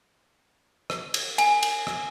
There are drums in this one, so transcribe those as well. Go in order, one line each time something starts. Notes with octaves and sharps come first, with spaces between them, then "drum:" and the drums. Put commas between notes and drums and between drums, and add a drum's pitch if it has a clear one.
drum: rim click
drum: cymbal
G#5, drum: cymbal
drum: cymbal
drum: rim click